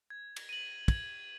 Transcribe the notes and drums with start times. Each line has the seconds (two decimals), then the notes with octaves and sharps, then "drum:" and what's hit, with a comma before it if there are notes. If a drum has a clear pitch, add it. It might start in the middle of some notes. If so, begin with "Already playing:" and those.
0.10 G#6
0.36 drum: cymbal
0.49 D#7 F#7
0.88 G#6, drum: kick, cymbal